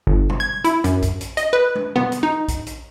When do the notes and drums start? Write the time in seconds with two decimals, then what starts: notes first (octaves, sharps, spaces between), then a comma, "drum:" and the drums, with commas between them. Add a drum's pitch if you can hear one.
0.07 G1
0.29 drum: tom
0.40 G#6
0.64 E4, drum: hi-hat
0.84 F#2, drum: hi-hat
1.02 drum: kick A#1, hi-hat
1.21 drum: hi-hat
1.37 D#5, drum: hi-hat
1.53 B4
1.75 drum: tom
1.96 B3, drum: tom
2.12 drum: hi-hat
2.23 D#4
2.48 drum: kick A#1, hi-hat
2.67 drum: hi-hat